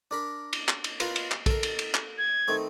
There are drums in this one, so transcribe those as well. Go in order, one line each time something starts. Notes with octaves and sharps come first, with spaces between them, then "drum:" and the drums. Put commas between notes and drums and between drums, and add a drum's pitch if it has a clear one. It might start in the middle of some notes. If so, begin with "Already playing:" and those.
D4 A#4 B5
drum: cymbal
drum: clap
drum: cymbal
F4 A#4 B4, drum: cymbal
drum: cymbal
drum: clap
A4 A#4, drum: kick A#1, cymbal
drum: cymbal
drum: cymbal
drum: clap
G#6
D#3 A3 C4